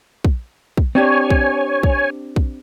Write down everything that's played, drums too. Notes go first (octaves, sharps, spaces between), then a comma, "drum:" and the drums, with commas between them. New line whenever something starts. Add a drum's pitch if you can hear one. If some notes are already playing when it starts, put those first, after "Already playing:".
drum: kick
drum: kick
C4 D4 G4 C#5 G#5
drum: kick
drum: kick
drum: kick